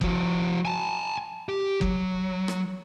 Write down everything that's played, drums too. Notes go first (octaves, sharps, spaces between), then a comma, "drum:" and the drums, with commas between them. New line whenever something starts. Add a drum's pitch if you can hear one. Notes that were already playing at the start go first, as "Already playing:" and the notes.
F3 F#4, drum: kick F#1
G#5 A5
G4
F#3, drum: kick F#1
drum: rim click